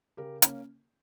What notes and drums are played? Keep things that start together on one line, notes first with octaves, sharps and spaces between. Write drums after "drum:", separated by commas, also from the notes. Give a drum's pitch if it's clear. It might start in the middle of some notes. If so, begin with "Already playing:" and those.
C#3 G4 A#4
A#3 C#4, drum: hi-hat